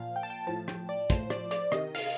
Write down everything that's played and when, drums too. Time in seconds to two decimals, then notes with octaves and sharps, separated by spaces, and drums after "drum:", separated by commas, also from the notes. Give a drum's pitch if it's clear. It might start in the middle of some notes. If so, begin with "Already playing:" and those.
Already playing: A#2 F3 F5
0.16 G5
0.23 A5
0.30 G5
0.47 A2 F3 A5
0.68 G5, drum: rim click
0.89 D5
1.10 A2 F3 C5, drum: kick, hi-hat
1.30 D5, drum: rim click
1.51 D5, drum: hi-hat
1.72 C3 D#3 D#5, drum: rim click
1.95 F5, drum: open hi-hat